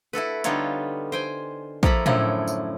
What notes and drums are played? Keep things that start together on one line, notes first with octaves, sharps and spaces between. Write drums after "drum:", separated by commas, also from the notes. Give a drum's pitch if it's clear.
E4 F#4 A4 B4
D3 G3 B3 D#4 F4 C#5, drum: hi-hat
C5 G5 G#5
F3 A#3 E4 A4 A#5 B5, drum: kick
F#2 A2 D3 F3 C#4 E4, drum: tom A2
drum: tambourine